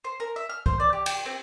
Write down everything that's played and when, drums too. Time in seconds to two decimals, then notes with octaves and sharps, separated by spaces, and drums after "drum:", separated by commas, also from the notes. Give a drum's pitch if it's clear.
0.04 C5
0.20 A#4
0.36 E5
0.49 F6
0.66 C5, drum: kick C2
0.80 D5
0.93 G4
1.06 G5, drum: cymbal
1.26 C4